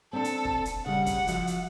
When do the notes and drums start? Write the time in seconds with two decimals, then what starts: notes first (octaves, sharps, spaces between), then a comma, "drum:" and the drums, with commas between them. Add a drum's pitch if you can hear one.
0.13 C4 D4 A4
0.24 drum: hi-hat
0.45 drum: kick
0.65 drum: hi-hat
0.86 C#3 G3 F#5
1.06 drum: kick, hi-hat
1.27 F3 F#4 E5, drum: hi-hat
1.47 drum: hi-hat